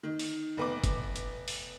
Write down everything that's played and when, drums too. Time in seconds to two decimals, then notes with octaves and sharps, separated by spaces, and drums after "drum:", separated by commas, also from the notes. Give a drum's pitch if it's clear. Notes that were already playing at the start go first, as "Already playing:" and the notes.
0.03 D#3
0.19 drum: open hi-hat
0.57 F1 B3 D6
0.84 drum: kick, hi-hat
1.16 drum: hi-hat
1.48 drum: open hi-hat